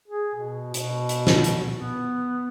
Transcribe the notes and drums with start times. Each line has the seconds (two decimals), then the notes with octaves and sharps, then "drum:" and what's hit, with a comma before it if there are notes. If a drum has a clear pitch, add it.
0.08 G#4
0.35 B2
0.74 B2, drum: hi-hat
1.09 drum: hi-hat
1.27 drum: snare
1.44 drum: hi-hat
1.74 B3